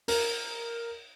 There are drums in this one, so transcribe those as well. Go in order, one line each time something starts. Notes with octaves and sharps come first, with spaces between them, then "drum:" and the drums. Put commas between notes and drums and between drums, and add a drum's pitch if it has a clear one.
A#4, drum: open hi-hat